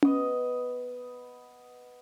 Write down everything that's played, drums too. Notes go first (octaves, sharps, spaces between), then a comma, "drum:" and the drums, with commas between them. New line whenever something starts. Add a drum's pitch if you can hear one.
B3 D#5, drum: tom C#4